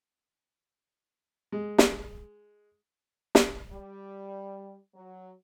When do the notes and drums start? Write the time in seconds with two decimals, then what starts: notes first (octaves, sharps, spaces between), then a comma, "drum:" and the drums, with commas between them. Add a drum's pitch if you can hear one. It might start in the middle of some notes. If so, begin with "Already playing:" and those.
1.52 G#3
1.78 drum: snare
3.35 drum: snare
3.70 G3
4.95 F#3